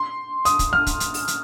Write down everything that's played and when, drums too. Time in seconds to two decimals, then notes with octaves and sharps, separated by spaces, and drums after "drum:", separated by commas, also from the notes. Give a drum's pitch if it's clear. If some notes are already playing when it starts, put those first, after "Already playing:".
Already playing: C6
0.45 D#6, drum: hi-hat
0.59 drum: kick, hi-hat
0.73 F6, drum: snare
0.87 drum: kick, hi-hat
1.00 drum: hi-hat
1.14 drum: open hi-hat
1.28 drum: hi-hat